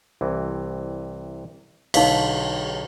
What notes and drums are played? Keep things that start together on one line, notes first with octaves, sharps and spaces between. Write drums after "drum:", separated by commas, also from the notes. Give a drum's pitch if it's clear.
C2 C3 E3
B1 D3 D#4 F5, drum: cymbal